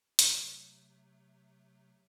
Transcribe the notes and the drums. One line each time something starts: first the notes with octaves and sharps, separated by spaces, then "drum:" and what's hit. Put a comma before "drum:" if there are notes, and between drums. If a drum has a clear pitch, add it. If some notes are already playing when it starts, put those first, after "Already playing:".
C3 F#3 A3, drum: hi-hat